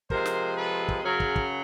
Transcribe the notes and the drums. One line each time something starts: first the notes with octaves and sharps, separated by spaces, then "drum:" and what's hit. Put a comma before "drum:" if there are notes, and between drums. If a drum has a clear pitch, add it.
C3 F3 G#3 A#4 C5, drum: kick
drum: snare
A4 B4
drum: kick
F#2 C#3 F#3 G#4 A#4
drum: kick
drum: kick